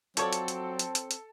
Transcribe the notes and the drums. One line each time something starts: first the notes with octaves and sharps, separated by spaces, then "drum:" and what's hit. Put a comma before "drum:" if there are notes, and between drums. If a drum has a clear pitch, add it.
F3 F#3 C4 A4 C#5 D5 A5, drum: hi-hat
drum: hi-hat
drum: hi-hat
drum: hi-hat
drum: hi-hat
drum: hi-hat